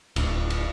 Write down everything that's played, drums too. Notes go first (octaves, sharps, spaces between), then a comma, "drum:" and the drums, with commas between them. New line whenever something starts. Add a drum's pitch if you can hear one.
D1, drum: cymbal
drum: cymbal